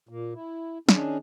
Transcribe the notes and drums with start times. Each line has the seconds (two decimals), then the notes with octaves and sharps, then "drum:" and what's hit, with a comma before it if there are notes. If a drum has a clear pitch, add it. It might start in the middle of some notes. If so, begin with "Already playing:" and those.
0.09 A#2 A#3
0.33 E4
0.89 D#3 C#4 D4 G#4, drum: snare